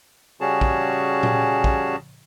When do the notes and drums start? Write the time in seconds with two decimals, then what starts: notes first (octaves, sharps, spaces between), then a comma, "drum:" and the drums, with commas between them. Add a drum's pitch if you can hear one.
0.41 C#3 G3 C#4 F#4 G#4 A5
0.61 drum: kick
1.23 drum: tom A#2
1.64 drum: kick